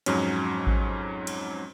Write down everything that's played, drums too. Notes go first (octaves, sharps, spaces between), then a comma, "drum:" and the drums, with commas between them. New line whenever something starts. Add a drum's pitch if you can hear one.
F2 G#2 F#3 C#4, drum: cymbal
drum: kick A1
drum: cymbal